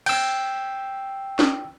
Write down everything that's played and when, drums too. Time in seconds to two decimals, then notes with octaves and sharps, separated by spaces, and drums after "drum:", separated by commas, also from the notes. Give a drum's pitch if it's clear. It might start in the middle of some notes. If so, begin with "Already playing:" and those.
0.06 G5 E6, drum: cymbal
1.39 drum: snare